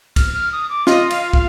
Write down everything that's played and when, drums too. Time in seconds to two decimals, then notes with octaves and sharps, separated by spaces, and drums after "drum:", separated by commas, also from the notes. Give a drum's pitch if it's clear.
0.16 F6, drum: kick, cymbal
0.34 F6
0.52 D#6
0.69 D6
0.87 F4 D#5, drum: snare
1.10 F5, drum: cymbal
1.33 F5, drum: kick